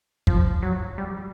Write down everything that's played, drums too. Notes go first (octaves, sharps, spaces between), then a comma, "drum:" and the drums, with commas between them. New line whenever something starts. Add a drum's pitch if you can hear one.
F3, drum: kick
F#3
G3